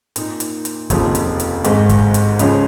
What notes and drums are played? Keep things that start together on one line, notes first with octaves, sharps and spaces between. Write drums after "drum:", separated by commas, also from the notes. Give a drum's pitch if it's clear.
A#2 A#3 D#4, drum: hi-hat
drum: hi-hat
drum: hi-hat
F1 D#2 C#3 F3, drum: kick, hi-hat
drum: hi-hat
drum: hi-hat
G#1 G#2 G#3, drum: hi-hat
drum: kick, hi-hat
drum: hi-hat
C#2 C#3 F3 C#4, drum: hi-hat